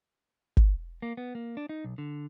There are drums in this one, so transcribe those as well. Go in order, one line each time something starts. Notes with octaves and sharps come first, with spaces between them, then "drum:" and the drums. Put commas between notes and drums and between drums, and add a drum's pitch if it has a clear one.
drum: kick
A#3
B3
A#3
D4
D#4
B1
D3